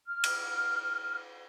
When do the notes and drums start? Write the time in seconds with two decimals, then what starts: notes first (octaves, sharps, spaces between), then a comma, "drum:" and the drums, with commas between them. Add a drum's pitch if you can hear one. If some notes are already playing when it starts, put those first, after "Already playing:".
0.07 F6
0.24 drum: cymbal